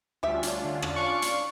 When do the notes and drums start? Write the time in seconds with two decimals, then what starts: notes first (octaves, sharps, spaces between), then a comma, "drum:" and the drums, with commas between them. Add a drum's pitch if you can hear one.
0.23 D2 G3 C#4 D4 F4 G4 E5
0.43 drum: hi-hat
0.65 D3
0.82 drum: rim click
0.97 D5 F5 C#6 F#6
1.22 drum: hi-hat